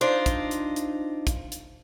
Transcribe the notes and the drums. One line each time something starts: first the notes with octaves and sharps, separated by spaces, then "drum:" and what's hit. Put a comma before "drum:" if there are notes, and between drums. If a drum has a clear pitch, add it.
D4 D#4 F4 C5
drum: kick, hi-hat
drum: hi-hat
drum: hi-hat
drum: kick, hi-hat
drum: hi-hat